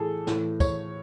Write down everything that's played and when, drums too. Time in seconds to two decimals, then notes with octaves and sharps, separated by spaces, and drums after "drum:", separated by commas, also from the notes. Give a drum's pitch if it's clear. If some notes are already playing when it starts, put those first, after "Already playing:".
Already playing: A2 E3 G#4 A4
0.27 A2 E3, drum: snare
0.60 C#5, drum: kick, tambourine